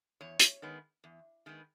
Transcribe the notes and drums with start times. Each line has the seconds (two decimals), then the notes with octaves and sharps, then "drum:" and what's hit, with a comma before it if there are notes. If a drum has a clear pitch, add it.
0.21 E2 C#5
0.39 drum: hi-hat
0.62 D#3 G#3 B3
1.04 E2
1.46 D#3 G#3 B3